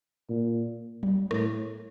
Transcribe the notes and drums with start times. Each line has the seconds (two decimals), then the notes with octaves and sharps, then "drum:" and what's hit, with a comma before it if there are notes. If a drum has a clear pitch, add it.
0.30 A#2
1.03 drum: tom F#3
1.31 A2, drum: rim click